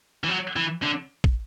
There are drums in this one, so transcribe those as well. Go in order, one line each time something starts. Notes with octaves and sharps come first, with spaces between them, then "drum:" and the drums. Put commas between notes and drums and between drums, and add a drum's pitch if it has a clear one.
E3
F#3
E3
D3
drum: kick